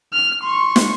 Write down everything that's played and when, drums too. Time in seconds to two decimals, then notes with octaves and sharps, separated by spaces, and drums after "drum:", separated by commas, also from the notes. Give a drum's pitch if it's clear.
0.13 F6
0.43 C6 C#6
0.76 drum: snare